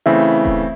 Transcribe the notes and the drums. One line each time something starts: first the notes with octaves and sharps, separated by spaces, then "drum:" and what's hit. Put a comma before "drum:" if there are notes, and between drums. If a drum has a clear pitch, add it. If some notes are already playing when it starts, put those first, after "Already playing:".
C#3 E3 A3 C4 E4
drum: kick D#1